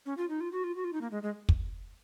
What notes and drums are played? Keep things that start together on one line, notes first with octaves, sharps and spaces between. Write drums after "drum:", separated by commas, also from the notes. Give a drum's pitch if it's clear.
C#4
F4
D#4
F4
F#4
F4
F#4
F4
D#4
A#3
G#3
G#3
drum: kick